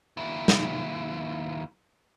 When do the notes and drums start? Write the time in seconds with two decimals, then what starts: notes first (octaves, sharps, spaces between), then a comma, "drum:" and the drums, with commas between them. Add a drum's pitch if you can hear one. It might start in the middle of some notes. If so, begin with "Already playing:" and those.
0.17 D#2 E4
0.48 drum: snare